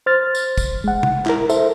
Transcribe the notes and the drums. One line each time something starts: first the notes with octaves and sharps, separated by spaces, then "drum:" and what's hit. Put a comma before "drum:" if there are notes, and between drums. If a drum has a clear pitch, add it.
C5 F6 A6
drum: tambourine
drum: kick, tambourine
G#3 F#5
drum: tom
E4 A#4, drum: clap
A4 C5 E5, drum: tambourine